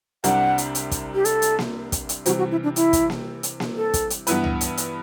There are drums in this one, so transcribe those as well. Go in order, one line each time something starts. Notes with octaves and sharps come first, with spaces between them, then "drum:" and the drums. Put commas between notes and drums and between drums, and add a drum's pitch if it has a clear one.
C2 C3 G3 D4 F#5, drum: hi-hat
drum: hi-hat
drum: hi-hat
drum: kick, hi-hat
G4
A4, drum: hi-hat
drum: hi-hat
drum: snare A#3
drum: kick, hi-hat
drum: hi-hat
C3 E3 G3 C4 F#4, drum: hi-hat
F#4
E4
D4
E4, drum: hi-hat
drum: kick, hi-hat
drum: snare A#3
drum: hi-hat
drum: snare A#3
A4
drum: kick, hi-hat
drum: hi-hat
G2 E3 B3 E4 B4, drum: hi-hat
drum: tom C#2
drum: hi-hat
drum: hi-hat